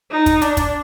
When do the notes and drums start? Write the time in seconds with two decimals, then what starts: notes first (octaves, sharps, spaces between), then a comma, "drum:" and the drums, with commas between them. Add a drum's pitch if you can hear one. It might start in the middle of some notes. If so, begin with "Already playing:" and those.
0.11 D#4
0.26 drum: kick, hi-hat
0.42 D4, drum: hi-hat
0.57 drum: kick, hi-hat